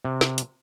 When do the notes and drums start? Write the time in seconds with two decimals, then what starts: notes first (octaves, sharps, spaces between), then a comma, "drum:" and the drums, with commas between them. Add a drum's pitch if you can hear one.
0.05 C3
0.21 drum: snare
0.38 drum: hi-hat